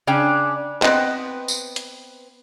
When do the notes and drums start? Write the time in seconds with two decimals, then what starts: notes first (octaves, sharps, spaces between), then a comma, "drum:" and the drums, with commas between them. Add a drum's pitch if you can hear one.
0.07 C#3 C#4 D4 G5
0.82 B3 C4 B4 D#5 G5, drum: clap
1.48 drum: tambourine
1.76 drum: hi-hat